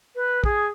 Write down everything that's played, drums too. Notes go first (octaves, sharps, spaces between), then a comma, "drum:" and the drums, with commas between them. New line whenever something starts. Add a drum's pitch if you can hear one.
B4
G#4, drum: kick